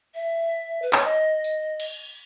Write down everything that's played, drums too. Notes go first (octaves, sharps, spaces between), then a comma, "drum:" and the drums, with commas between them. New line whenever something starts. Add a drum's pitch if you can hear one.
E5
B4
C#5, drum: clap
D#5
drum: tambourine
drum: cymbal